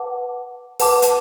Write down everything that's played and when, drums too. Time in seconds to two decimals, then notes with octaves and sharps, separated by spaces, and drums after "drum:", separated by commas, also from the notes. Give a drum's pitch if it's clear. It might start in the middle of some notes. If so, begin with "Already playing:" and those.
Already playing: B4 F#5 A5 D6
0.80 B4 F#5 A5 D6, drum: open hi-hat
1.02 drum: hi-hat